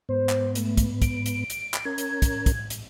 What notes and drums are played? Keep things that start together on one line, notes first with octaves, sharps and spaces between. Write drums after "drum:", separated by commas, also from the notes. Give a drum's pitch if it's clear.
G#2 B3 C5
drum: clap
A3, drum: hi-hat
drum: kick, hi-hat
D7, drum: kick, hi-hat
drum: hi-hat
drum: hi-hat
drum: clap
C#4 A#4 G#6
drum: hi-hat
drum: kick, hi-hat
drum: kick, hi-hat
drum: hi-hat